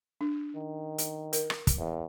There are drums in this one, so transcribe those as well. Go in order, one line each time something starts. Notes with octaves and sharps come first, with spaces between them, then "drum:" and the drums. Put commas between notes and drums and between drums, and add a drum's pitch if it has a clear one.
D4
D#3
drum: hi-hat
A#4, drum: hi-hat
drum: rim click
drum: kick, hi-hat
E2